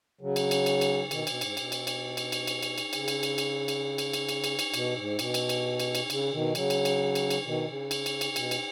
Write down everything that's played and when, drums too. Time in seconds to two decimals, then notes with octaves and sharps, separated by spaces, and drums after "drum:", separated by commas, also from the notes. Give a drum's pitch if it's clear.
0.21 C#3 F#3
0.36 drum: cymbal
0.51 drum: cymbal
0.66 drum: cymbal
0.81 drum: cymbal
1.05 C#3
1.11 B2 D#3, drum: cymbal
1.27 B2, drum: cymbal
1.41 G#2, drum: cymbal
1.57 B2, drum: cymbal
1.72 drum: cymbal
1.87 drum: cymbal
2.17 drum: cymbal
2.32 drum: cymbal
2.47 drum: cymbal
2.63 drum: cymbal
2.78 drum: cymbal
2.93 C#3, drum: cymbal
3.08 drum: cymbal
3.23 drum: cymbal
3.38 drum: cymbal
3.68 drum: cymbal
3.98 drum: cymbal
4.13 drum: cymbal
4.29 drum: cymbal
4.44 drum: cymbal
4.59 drum: cymbal
4.74 B2, drum: cymbal
4.96 G#2
5.19 B2, drum: cymbal
5.34 drum: cymbal
5.49 drum: cymbal
5.80 drum: cymbal
5.95 drum: cymbal
6.10 C#3, drum: cymbal
6.32 B2 D#3
6.55 C#3 F#3, drum: cymbal
6.70 drum: cymbal
6.85 drum: cymbal
7.15 drum: cymbal
7.30 drum: cymbal
7.45 B2 D#3
7.68 C#3
7.91 drum: cymbal
8.06 drum: cymbal
8.21 drum: cymbal
8.31 C#3
8.36 B2, drum: cymbal
8.51 drum: cymbal